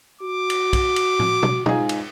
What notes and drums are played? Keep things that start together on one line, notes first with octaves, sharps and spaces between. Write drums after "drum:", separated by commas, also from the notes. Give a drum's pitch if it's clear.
F#4 D6
drum: cymbal
drum: kick, cymbal
drum: cymbal
drum: tom A2
drum: tom B2
G#2 D#4 F4 G#4, drum: tom B2
drum: cymbal